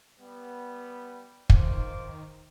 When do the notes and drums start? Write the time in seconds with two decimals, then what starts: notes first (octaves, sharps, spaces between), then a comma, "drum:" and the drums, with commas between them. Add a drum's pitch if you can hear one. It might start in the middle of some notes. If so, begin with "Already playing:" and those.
0.19 G3 B3
1.50 D#3 F4 C5 D6, drum: kick